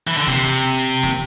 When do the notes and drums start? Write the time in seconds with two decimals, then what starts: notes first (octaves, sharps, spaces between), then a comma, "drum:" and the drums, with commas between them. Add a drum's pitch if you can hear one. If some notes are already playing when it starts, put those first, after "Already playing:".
0.07 E3
0.18 D3
0.27 C3, drum: snare
1.03 drum: snare